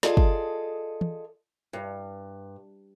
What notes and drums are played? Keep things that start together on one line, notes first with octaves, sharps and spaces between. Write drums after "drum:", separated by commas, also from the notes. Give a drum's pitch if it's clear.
F4 G#4 A4 D5 D#5, drum: snare
drum: kick
drum: tom
G2